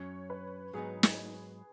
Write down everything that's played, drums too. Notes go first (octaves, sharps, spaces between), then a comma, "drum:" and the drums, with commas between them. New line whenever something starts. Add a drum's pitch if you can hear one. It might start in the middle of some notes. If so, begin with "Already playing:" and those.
Already playing: F#2 F#3 C#4 C#5
B4
G#2 F#3 B3 D#4 G#4
drum: snare